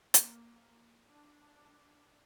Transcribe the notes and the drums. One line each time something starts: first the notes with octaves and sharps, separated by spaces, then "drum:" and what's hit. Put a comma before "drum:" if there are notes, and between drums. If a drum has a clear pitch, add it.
A#3, drum: hi-hat
D4